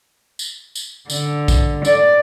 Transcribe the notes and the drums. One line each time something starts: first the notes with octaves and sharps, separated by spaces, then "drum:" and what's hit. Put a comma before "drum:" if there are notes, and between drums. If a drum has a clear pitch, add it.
drum: tambourine
drum: tambourine
D3, drum: tambourine
drum: kick, tambourine
D5, drum: tambourine